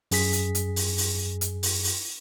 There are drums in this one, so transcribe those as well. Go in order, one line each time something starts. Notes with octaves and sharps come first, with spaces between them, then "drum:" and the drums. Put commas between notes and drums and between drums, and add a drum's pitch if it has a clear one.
F#2 G#4 B6, drum: open hi-hat
drum: hi-hat
drum: hi-hat
drum: open hi-hat
drum: open hi-hat
drum: hi-hat
drum: open hi-hat
drum: open hi-hat